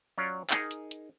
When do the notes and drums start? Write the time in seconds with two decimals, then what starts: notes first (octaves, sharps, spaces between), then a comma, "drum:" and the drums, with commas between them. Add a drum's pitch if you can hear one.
0.18 F#3 C#4 F4 C#5 D5
0.50 D#4 G#4 A#4, drum: clap
0.71 drum: hi-hat
0.91 drum: hi-hat